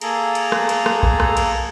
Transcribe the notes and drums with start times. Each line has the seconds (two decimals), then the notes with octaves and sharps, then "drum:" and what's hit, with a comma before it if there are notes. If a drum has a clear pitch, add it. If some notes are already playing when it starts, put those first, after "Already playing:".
0.01 A#3 G#4 A4 A#5, drum: cymbal
0.35 drum: cymbal
0.52 drum: rim click
0.69 drum: cymbal
0.86 drum: rim click
1.03 drum: kick A#1
1.20 drum: rim click
1.37 drum: cymbal